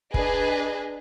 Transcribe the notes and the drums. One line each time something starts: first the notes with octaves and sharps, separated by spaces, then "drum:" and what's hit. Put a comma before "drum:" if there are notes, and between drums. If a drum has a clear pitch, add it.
D4 G#4 B4 D#5, drum: kick